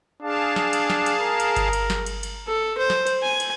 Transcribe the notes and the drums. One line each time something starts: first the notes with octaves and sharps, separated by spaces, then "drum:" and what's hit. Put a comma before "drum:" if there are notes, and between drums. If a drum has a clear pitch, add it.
D4 G#4 F5 A5
drum: snare
drum: cymbal
drum: snare
drum: cymbal
A#4
drum: cymbal
drum: kick G1, cymbal
drum: cymbal
drum: snare
drum: cymbal
drum: cymbal
A4
C5
drum: snare
drum: cymbal
G#5
drum: cymbal